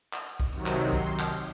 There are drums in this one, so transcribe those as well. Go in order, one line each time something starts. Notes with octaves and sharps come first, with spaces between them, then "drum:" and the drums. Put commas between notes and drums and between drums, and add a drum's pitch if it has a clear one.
drum: clap
drum: tambourine
drum: kick, tambourine
C3 D#3 F#3, drum: tambourine
drum: clap
drum: tambourine
C6, drum: kick, tambourine
drum: tambourine
drum: clap
drum: tambourine